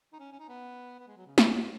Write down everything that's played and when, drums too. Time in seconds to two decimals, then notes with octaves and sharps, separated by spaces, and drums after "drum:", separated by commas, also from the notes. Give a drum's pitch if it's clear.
0.13 D#4
0.19 C#4
0.32 C#4
0.39 D#4
0.49 B3
0.99 B3
1.08 G#3
1.17 F#3
1.27 C#3
1.38 F#3, drum: snare